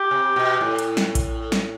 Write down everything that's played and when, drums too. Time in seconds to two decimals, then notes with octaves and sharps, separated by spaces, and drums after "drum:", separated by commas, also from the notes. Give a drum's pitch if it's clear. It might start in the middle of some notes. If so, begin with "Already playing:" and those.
Already playing: G4
0.11 C3
0.36 B2
0.61 A2
0.79 drum: hi-hat
0.97 drum: snare
1.15 drum: kick A#1, hi-hat
1.52 drum: snare